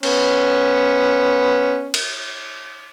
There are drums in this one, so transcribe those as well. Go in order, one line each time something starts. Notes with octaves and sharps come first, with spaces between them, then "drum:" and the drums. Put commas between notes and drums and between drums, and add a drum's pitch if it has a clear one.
B3 C#4, drum: cymbal
drum: cymbal